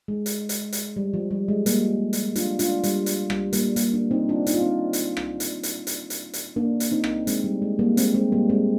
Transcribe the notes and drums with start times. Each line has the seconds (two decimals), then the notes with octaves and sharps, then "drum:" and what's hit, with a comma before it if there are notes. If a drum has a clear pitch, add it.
0.08 G#3
0.26 drum: hi-hat
0.49 drum: hi-hat
0.73 drum: hi-hat
0.96 G3
1.14 F3
1.31 G3
1.48 G#3
1.66 G3 A#3, drum: hi-hat
2.13 drum: hi-hat
2.36 D4 F4, drum: hi-hat
2.59 D4 F4, drum: hi-hat
2.83 G3, drum: hi-hat
3.06 drum: hi-hat
3.30 G3, drum: rim click
3.53 G3 A#3, drum: hi-hat
3.76 G3 A#3, drum: hi-hat
3.94 A#3 D4
4.11 C4 D#4
4.29 D4 F4
4.47 D#4, drum: hi-hat
4.54 F4
4.61 C4 D#4
4.93 drum: hi-hat
5.17 drum: rim click
5.40 drum: hi-hat
5.63 drum: hi-hat
5.87 drum: hi-hat
6.10 drum: hi-hat
6.33 drum: hi-hat
6.56 A#3 D4
6.80 drum: hi-hat
6.92 C4 D#4
7.04 drum: rim click
7.27 G#3 C4, drum: hi-hat
7.44 G3
7.62 G#3
7.79 G3 A#3
7.97 G#3 C4, drum: hi-hat
8.14 G#3 C4
8.32 G3 A#3
8.49 G#3 C4